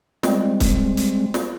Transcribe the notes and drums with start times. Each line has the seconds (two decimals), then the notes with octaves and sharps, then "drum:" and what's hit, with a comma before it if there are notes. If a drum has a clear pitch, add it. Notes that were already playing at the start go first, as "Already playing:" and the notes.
0.23 G3 G#3 C4, drum: snare
0.60 drum: kick, hi-hat
0.97 drum: hi-hat
1.34 drum: snare